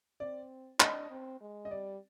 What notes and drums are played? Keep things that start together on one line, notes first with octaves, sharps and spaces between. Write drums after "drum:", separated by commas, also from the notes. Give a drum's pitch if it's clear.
C4 D5
D4 D#5, drum: clap
C4
G#3
D#5
G3 D5